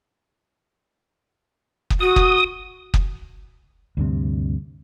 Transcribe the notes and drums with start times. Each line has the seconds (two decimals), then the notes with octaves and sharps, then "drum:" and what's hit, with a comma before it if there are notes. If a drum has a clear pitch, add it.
1.90 drum: kick
2.00 F#4 D#6
2.16 drum: kick
2.94 drum: kick
3.97 D2 G2 C3